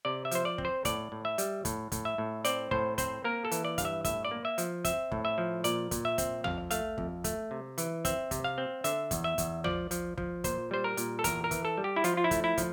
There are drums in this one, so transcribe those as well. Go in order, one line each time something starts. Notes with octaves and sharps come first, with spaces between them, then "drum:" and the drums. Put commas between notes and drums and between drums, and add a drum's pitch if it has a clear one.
C3 D5
E5
F3 C5, drum: hi-hat
D5
C4, drum: kick
C5
A2 D5, drum: kick, hi-hat
A2
E5
G3, drum: hi-hat
A2, drum: kick, hi-hat
A2, drum: kick, hi-hat
E5
A2
C4 D5, drum: hi-hat
A2 C5, drum: kick
C4 C5, drum: kick, hi-hat
A#3 A#4
A4
E3, drum: hi-hat
D5
G2 F5, drum: kick, hi-hat
E5
A2 E5, drum: kick, hi-hat
D5
A#3
E5
F3, drum: hi-hat
C4 E5, drum: kick, hi-hat
A2, drum: kick
E5
F3
A#2 D5, drum: hi-hat
A#2, drum: kick, hi-hat
E5
C4, drum: kick, hi-hat
F2 F5, drum: tom
A3 F5, drum: hi-hat
F2, drum: kick
A3, drum: kick, hi-hat
C3
E3, drum: hi-hat
C4 E5, drum: kick, hi-hat
C3, drum: kick, hi-hat
F5
C4
D3 E5, drum: hi-hat
E2, drum: kick, hi-hat
E5
E2, drum: kick, hi-hat
F3 D5, drum: tom
F3, drum: hi-hat
F3, drum: kick
A#2 C5, drum: kick, hi-hat
G3 C5
A#4
A#2, drum: hi-hat
A4
E2 A#4, drum: kick, hi-hat
A#4
E3, drum: kick, hi-hat
A4
G3
G4
E4
F3 F4, drum: hi-hat
F4
E4
A3, drum: kick, hi-hat
E4
F3, drum: kick, hi-hat